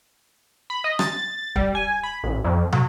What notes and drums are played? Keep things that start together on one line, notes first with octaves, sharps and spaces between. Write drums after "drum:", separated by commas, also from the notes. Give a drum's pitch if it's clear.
B5
D#5
A6, drum: rim click
G3, drum: kick
G#5
B5
A1
F2
F#3, drum: tom